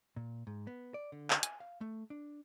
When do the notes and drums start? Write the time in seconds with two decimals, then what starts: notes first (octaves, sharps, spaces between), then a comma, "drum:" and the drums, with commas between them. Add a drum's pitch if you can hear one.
0.16 A#2
0.47 G#2
0.67 B3
0.94 D5
1.12 D3
1.30 drum: clap
1.43 G#5, drum: hi-hat
1.60 F5
1.81 A3
2.10 D4